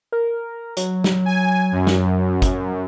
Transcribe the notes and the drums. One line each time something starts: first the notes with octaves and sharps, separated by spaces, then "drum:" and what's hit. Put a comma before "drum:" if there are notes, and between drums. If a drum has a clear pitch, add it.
A#4
F#3, drum: hi-hat
drum: snare
G#5
F#2
drum: snare
drum: kick, hi-hat